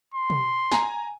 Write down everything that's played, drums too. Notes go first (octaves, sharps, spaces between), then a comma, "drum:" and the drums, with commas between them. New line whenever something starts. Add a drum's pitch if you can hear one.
C6
drum: tom
G#5 A#5, drum: snare